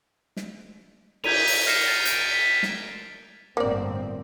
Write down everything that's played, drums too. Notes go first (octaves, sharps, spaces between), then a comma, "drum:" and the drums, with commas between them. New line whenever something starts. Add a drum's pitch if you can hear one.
drum: snare
G6 G#6 B6 D#7 F7, drum: cymbal
drum: open hi-hat
F6 A#6 C7 C#7 E7
A6
G6 D7, drum: hi-hat
B6
drum: snare
G1 A2 A#3 C4 D5